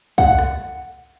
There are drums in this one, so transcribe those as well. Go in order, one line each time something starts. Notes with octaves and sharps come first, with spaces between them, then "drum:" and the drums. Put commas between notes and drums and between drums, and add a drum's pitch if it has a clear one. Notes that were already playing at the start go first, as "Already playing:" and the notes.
F#5, drum: kick
drum: rim click